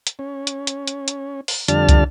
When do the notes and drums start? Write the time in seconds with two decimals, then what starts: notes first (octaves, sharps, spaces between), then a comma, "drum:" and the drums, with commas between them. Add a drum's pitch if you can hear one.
0.07 drum: hi-hat
0.19 C#4
0.47 drum: hi-hat
0.67 drum: hi-hat
0.87 drum: hi-hat
1.08 drum: hi-hat
1.48 drum: open hi-hat
1.68 F2 D3 G3 D4 A5 F6, drum: hi-hat
1.89 drum: kick, hi-hat